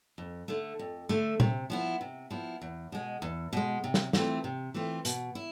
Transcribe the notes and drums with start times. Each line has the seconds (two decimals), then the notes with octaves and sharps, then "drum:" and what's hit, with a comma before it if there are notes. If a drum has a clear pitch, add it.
0.18 F2
0.48 D3 A3
0.79 F2
1.09 D3 A3
1.40 C3, drum: tom A#2
1.70 F3 B3 E4
2.01 C3
2.30 F3 B3 E4
2.62 E2
2.92 B2 G#3
3.22 E2
3.53 B2 G#3
3.84 C3
3.94 drum: snare
4.13 E3 A3 C4 F4, drum: snare
4.44 C3
4.74 E3 A3 C4 F4
5.05 B2, drum: hi-hat
5.35 E4